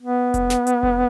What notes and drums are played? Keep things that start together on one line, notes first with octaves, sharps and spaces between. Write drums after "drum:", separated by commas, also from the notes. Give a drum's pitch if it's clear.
B3
drum: kick F1, hi-hat
drum: snare
drum: hi-hat
drum: kick F1